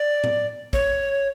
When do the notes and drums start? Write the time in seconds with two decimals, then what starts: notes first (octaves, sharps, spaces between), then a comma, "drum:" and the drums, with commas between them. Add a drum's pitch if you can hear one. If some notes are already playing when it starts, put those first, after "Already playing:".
Already playing: D5
0.24 drum: tom A2
0.73 C#5, drum: kick